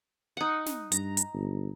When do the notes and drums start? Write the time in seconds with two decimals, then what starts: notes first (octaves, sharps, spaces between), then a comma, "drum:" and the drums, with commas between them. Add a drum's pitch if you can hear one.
0.37 D#4 F#5
0.66 drum: snare
0.92 G2 A#5, drum: hi-hat
1.17 drum: hi-hat
1.34 G1